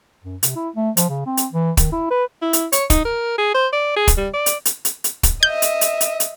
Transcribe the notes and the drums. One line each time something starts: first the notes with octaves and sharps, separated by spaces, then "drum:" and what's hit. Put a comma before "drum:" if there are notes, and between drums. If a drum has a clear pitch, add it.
F#2
C3, drum: hi-hat
E4
A3
F3, drum: hi-hat
C#3
C4
drum: hi-hat
E3
D#3, drum: kick, hi-hat
E4
B4
E4
drum: hi-hat
C#5, drum: hi-hat
D#4, drum: kick, hi-hat
A#4
G#4
C5
D5
G#4
drum: kick, hi-hat
G3
D5
drum: hi-hat
drum: hi-hat
drum: hi-hat
drum: hi-hat
drum: kick, hi-hat
D#5 E5 G6
drum: hi-hat
drum: hi-hat
drum: hi-hat
drum: hi-hat